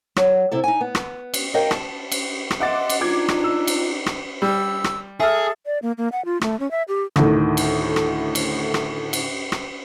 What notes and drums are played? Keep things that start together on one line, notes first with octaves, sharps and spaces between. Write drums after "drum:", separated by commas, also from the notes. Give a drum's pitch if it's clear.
F#3, drum: rim click
C3 E4 A4
D#4 G#5
B3
drum: rim click
drum: cymbal
A#4 D#5 F5 G5
A5, drum: rim click
drum: cymbal
drum: rim click
D#5 E5 F#5 C6 D6 A6
drum: cymbal
D4 D#4 F4 D6 G#6
drum: rim click
E6
drum: cymbal
drum: rim click
G3 E6
drum: rim click
G#4 A4 E5 E6 F6
D5
A#3
A#3
F#5
F4
A3, drum: rim click
C#4
E5
G4
D2 A2 D#3, drum: rim click
drum: cymbal
drum: rim click
drum: cymbal
drum: rim click
drum: cymbal
drum: rim click